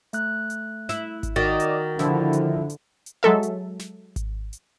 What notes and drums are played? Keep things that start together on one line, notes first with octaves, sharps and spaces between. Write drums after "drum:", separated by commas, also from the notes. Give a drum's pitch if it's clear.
A3 F#6, drum: hi-hat
drum: hi-hat
E4, drum: snare
drum: kick G#1, hi-hat
D#3 D#4 F#4 D5 D#5 A6
drum: hi-hat
D3 F3 E4, drum: snare
drum: hi-hat
drum: hi-hat
drum: hi-hat
F#3 G#3 A4 E5
drum: hi-hat
drum: snare
drum: kick G#1, hi-hat
drum: hi-hat